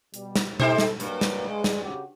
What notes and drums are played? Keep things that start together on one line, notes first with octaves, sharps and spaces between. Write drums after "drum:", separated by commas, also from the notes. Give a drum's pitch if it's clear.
B2 G3, drum: hi-hat
drum: snare
D#4 G4 A4 C5, drum: tom B2
drum: snare
G2 F#3 A#3 B4, drum: hi-hat
drum: snare
G#3
drum: snare
C#3 F#4 G4